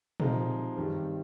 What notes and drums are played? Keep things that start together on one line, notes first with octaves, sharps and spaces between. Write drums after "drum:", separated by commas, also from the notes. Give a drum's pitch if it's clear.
C3 F3 G#3 D#4 A#4, drum: tom A#2
G2 D#3 G3 C4